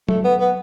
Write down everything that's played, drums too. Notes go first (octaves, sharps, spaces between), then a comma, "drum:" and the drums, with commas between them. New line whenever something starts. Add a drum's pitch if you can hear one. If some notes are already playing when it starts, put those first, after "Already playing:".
A3, drum: tom
B3
B3